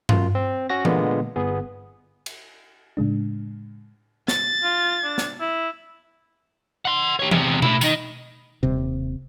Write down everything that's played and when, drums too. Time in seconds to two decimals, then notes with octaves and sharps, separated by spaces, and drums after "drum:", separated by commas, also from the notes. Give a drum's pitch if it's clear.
0.09 F#2 F4, drum: tom G2
0.35 C4
0.69 C#4 F#4 A#6
0.85 A#2 D3 G#3 A#3 B3, drum: tom E3
1.36 G1 B3 G#4
2.26 drum: cymbal
2.97 A2 C#3 G#3 D4
4.28 A6, drum: snare
4.63 F4
5.04 D4
5.18 drum: snare
5.40 E4
6.85 F#5 C6
7.19 G4 C#5
7.31 E2 C3, drum: tom E3
7.62 A2 E4, drum: tom B2
7.81 D#3 D#4, drum: tambourine
8.63 D#1 C3